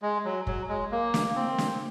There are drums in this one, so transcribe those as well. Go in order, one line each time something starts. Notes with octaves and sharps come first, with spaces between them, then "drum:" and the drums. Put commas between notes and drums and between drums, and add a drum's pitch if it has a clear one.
G#3
F#3
F#3, drum: kick
G#3
A#3
drum: snare
C4
drum: snare